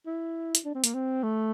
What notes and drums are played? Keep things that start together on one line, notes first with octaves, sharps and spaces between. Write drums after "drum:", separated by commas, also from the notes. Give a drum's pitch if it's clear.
E4
drum: hi-hat
D4
C4
A#3, drum: hi-hat
C4
A3